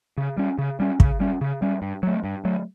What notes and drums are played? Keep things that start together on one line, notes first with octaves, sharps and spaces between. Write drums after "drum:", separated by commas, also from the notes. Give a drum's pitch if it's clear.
C#3
G3 C#4
C#3
G3 C#4
C#3, drum: kick
G3 C#4
C#3
G3 C#4
G2
F#3 A3
G2
F#3 A3